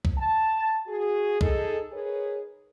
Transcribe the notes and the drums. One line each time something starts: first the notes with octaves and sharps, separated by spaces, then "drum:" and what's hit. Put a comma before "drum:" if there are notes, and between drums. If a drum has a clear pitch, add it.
drum: kick C2
A5
F#4 G#4
D#4 G#4 A4, drum: kick C2
D#4 G#4 A#4 B4 C#5